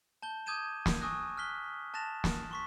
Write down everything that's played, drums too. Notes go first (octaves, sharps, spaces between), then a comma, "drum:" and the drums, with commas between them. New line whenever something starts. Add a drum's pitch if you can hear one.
A5 G6 G7
D6 D#6 G6 G#6 D#7 E7
drum: snare
G#5 C#6 D#6 E6 F#6 A#6
F6 F#6 B6 G7
A5 F#6 A6 A#6 E7 F7
drum: snare
C6 C#6 B6